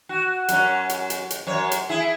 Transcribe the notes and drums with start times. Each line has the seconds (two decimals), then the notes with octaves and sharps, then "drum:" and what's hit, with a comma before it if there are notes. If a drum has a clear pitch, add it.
0.09 F#4
0.48 F#2 C#4, drum: hi-hat
0.89 drum: hi-hat
1.10 drum: hi-hat
1.30 drum: hi-hat
1.47 F#2 C#5
1.71 drum: hi-hat
1.89 E4 G#4